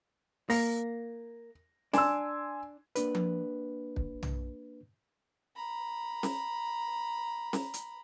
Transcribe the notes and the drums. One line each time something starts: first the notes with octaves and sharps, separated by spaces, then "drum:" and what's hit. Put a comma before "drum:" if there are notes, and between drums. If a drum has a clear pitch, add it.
A#3 A#6, drum: open hi-hat
D4 G#5 C6 E6, drum: snare C#4
A#3 D4 B4, drum: hi-hat
drum: tom F3
drum: kick
drum: tom
A#5 B5
drum: snare C#4
drum: snare C#4
drum: hi-hat